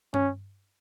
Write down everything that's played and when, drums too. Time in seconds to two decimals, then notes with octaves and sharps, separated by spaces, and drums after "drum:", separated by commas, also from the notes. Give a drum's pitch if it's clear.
0.14 C#4, drum: tom G2